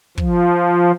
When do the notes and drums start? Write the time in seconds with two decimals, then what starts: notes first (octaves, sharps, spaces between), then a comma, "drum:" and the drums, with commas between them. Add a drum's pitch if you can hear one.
0.18 F3, drum: kick